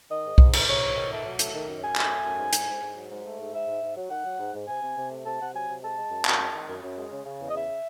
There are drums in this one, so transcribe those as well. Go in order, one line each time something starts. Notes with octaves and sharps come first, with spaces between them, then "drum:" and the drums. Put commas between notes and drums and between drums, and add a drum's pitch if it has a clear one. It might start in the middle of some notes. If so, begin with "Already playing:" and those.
D#3 D#5
G#2
G#2, drum: kick B1
A3, drum: cymbal
G#2 C#5
G#2
D#3
A3
F#3
A3, drum: hi-hat
D#3
F#2
F#2 G#5
A3, drum: clap
A3
F#2
G#2
G#2, drum: hi-hat
G#2
G#2
F#3
G#2
A3
G#2
G#2 E5
G#2
G#2
F#3
D#3 F#5
F#3
G#2
G#2
C3 G#5
C3
C3
A3
C3 A5
C3 F#5
F#3 G#5
C3
G#3 A5
G#3
F#2
F#2, drum: clap
G#3
D#3
F#2
F#2
G#3
C#3
C#3
E2
D#5
C#3 E5